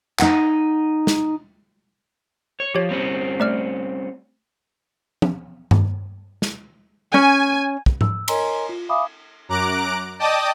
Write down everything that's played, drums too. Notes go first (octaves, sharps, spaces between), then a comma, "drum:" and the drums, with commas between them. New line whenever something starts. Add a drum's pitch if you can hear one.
D#4 F#5, drum: clap
drum: snare
C#5
F3 G4 C#5
G3 C4 C#4
A3 D5 F6
drum: tom
drum: tom G2
drum: snare
C#4 G#5
drum: kick
E6, drum: tom G#2
A#4 C#5 D#5 G#5 A#5 C6, drum: cymbal
F4
E5 F5 G#5 B5 D6 D#6
F#2 A#5 D6 F#6 D7
D5 D#5 G5 A5 D6 D#6